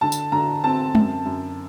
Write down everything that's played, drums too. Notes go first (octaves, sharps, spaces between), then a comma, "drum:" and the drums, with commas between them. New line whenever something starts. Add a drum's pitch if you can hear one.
D3 A5
drum: tambourine
D3 A#5
C4 A5
F#2, drum: tom
F#2